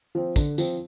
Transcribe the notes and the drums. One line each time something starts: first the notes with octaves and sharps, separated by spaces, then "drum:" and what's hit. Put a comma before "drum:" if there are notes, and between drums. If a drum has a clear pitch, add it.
F3 C4
D3, drum: kick, tambourine
F3 C4, drum: tambourine